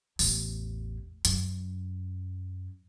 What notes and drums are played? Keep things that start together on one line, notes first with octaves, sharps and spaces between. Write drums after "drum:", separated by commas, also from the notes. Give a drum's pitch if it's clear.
A1 E2, drum: open hi-hat
F#2, drum: hi-hat